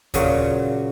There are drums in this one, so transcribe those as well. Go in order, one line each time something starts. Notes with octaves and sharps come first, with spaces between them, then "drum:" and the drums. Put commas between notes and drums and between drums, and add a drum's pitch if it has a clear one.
A#2 C#3 F#3 F#4, drum: kick D#2, hi-hat